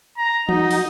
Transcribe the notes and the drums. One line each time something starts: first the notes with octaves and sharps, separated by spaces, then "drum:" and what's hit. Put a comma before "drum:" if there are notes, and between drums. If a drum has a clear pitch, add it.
A#5
D#4 F#4 D#5, drum: tom E3
drum: open hi-hat